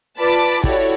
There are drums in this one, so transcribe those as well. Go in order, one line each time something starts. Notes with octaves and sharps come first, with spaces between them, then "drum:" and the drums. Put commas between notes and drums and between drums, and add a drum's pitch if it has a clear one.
F4 B4 D5 A5 B5 D6
E4 F#4 G4 A4 C#5 D5, drum: kick